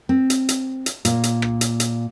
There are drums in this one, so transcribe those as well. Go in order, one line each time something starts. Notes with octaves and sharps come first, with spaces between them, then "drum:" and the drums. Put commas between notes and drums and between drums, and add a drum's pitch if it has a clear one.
C4
drum: hi-hat
drum: hi-hat
drum: hi-hat
A#2, drum: hi-hat
drum: hi-hat
drum: rim click
drum: hi-hat
drum: hi-hat